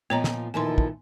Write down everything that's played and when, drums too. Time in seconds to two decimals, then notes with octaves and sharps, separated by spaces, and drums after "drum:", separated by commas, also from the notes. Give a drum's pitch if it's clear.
0.10 A#2 F3 B3 D#4 C#5 A#5
0.24 drum: snare
0.54 E2 A#2 D#3 F3 E4 A4 G#5 C6
0.78 drum: kick